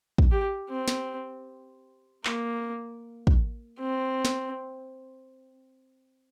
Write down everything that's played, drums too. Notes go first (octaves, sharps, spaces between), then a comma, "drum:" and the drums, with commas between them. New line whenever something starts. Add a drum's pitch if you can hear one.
drum: kick
G4
C4
drum: snare
A#3, drum: clap
drum: kick
C4
drum: snare